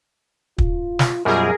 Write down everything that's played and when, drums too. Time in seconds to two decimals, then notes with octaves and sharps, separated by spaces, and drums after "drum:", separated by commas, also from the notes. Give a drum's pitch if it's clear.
0.58 F4, drum: kick
0.99 drum: snare
1.25 F#2 B2 G3 F4 G#4 A#4